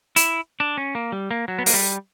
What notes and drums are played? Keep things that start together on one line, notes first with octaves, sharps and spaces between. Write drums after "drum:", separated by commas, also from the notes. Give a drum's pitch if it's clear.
E4, drum: hi-hat
D4
C#4
A#3
G3
A#3
F#3
B3
A#3, drum: open hi-hat
G3